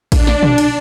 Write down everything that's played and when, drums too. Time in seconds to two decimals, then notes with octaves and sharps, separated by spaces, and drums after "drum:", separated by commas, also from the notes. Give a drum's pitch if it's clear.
0.12 D4, drum: kick A1, cymbal
0.27 drum: snare
0.43 drum: tom
0.58 drum: cymbal